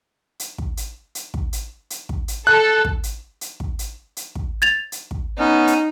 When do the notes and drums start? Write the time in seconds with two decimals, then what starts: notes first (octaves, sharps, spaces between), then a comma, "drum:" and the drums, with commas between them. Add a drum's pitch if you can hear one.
0.40 drum: hi-hat
0.58 drum: kick
0.77 drum: hi-hat
1.15 drum: hi-hat
1.34 drum: kick
1.53 drum: hi-hat
1.90 drum: hi-hat
2.09 drum: kick
2.28 drum: hi-hat
2.47 A4 F#6
2.85 drum: kick
3.03 drum: hi-hat
3.41 drum: hi-hat
3.60 drum: kick
3.79 drum: hi-hat
4.17 drum: hi-hat
4.35 drum: kick
4.62 G#6 A6 F7
4.92 drum: hi-hat
5.11 drum: kick
5.39 B3 C#4 D#4
5.67 drum: hi-hat